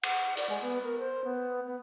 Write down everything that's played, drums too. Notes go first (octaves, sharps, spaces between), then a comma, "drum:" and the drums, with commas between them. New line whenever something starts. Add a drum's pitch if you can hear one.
F#5, drum: cymbal
D5, drum: open hi-hat
G#3
B3
A#4
C5
B3
B3